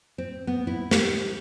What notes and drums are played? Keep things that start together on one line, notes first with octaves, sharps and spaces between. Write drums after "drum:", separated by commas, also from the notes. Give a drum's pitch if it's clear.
C4
B3
E4
G4, drum: snare